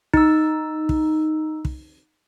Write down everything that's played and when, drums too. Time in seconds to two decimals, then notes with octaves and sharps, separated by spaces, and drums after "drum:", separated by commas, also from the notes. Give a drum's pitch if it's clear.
0.13 D#4 E6, drum: kick
0.89 drum: kick
1.65 drum: kick